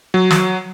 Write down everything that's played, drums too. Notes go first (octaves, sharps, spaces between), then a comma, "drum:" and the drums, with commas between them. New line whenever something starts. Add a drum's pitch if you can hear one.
F#3
drum: snare